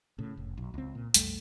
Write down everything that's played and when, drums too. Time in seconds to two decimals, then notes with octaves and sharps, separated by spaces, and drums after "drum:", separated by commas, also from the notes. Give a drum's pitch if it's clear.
0.19 A2 C#3
0.37 F1
0.58 B1
0.74 C#2 C4
0.95 A#2
1.14 B1 F2 G3 A3, drum: hi-hat